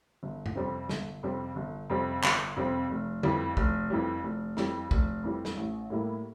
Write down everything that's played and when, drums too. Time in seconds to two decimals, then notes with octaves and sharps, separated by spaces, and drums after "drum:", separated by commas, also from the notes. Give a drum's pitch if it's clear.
0.23 G1
0.46 drum: tom G2
0.56 F2 C3 G3 C4
0.89 G1, drum: snare
1.23 F2 C3 G3 C4
1.56 G1
1.90 F2 C3 G3 C4
2.24 G1, drum: clap
2.56 F2 C3 G3 C4
2.91 F1
3.23 F2 E3 G3, drum: tom D3
3.57 F1, drum: kick
3.90 F2 E3 G3
4.24 F1
4.57 F2 E3 G3, drum: snare
4.91 F1, drum: kick
5.24 F2 E3 G3
5.45 drum: snare
5.57 A1
5.90 A2 G3 A#3 E4